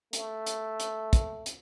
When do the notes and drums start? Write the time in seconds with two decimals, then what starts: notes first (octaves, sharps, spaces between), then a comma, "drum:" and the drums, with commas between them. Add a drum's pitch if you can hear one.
0.13 A3, drum: hi-hat
0.46 drum: hi-hat
0.80 drum: hi-hat
1.13 drum: kick, hi-hat
1.46 drum: hi-hat